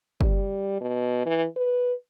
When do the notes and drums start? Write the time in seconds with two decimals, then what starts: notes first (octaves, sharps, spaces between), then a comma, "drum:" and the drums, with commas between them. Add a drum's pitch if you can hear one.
0.21 G3, drum: kick
0.81 B2
1.26 E3
1.57 B4